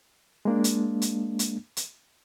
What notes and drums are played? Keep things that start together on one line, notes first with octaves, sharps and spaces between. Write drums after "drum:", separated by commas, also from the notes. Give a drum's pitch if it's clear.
G#3 A#3 D4
drum: hi-hat
drum: hi-hat
drum: hi-hat
drum: hi-hat